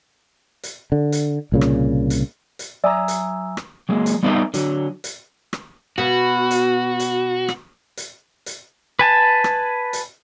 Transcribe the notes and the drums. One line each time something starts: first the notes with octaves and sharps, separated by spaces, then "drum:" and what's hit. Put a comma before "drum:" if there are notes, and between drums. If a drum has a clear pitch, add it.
drum: hi-hat
D3
drum: hi-hat
C2 A#2 C#3
drum: rim click
drum: hi-hat
drum: hi-hat
F#3 D5 E5 G#5 A#5 D#6 E6
drum: hi-hat
drum: rim click
F#3 G#3 A#3
drum: hi-hat
G3 B3 D#4 A#4 C5 E5
D3 F#3, drum: hi-hat
drum: hi-hat
drum: rim click
B2 B3 F#4
drum: hi-hat
drum: hi-hat
drum: rim click
drum: hi-hat
drum: hi-hat
B4 G#5 A5
drum: rim click
drum: hi-hat